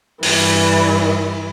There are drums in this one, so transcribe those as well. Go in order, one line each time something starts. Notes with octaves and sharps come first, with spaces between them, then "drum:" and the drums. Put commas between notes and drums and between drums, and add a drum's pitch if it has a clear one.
G2 E3, drum: open hi-hat